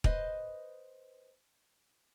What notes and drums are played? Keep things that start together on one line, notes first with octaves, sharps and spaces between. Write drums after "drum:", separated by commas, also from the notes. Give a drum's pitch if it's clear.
B4 C5 D#5, drum: kick